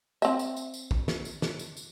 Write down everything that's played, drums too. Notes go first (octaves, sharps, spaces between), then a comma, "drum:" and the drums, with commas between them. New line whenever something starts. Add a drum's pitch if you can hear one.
C4 E5, drum: tambourine
drum: tambourine
drum: tambourine
drum: tambourine
drum: kick
drum: snare
drum: tambourine
drum: snare
drum: tambourine
drum: tambourine